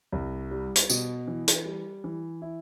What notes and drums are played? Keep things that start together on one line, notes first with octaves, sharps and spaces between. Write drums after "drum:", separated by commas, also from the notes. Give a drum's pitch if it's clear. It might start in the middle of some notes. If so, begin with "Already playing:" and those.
C2
G3
drum: hi-hat
B2, drum: tambourine
E3
drum: hi-hat
G3
E3
E4